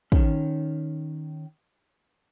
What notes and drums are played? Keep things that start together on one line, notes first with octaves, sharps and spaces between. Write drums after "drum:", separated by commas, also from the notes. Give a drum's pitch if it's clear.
D#3 C#4, drum: kick